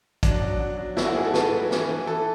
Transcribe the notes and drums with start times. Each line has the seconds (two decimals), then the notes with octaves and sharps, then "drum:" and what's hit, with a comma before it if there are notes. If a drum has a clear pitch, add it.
0.23 F#3 D4, drum: kick, hi-hat
0.42 F#3
0.60 F#3
0.78 F#3
0.97 F#3 E4, drum: snare
1.06 F#4
1.15 G#2 G#4
1.24 A4
1.34 G#2 B4, drum: snare
1.52 F#3
1.71 E3, drum: snare
1.89 E3
2.07 E3 A4